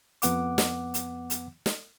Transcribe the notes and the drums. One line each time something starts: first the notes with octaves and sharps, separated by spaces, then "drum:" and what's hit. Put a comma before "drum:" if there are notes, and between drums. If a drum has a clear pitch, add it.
F2 B3 F#5 D6, drum: hi-hat
drum: snare
drum: hi-hat
drum: hi-hat
drum: snare